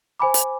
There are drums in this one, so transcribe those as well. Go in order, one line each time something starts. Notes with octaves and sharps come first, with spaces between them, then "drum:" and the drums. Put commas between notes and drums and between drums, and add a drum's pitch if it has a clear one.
C5 G#5 B5 D6
drum: hi-hat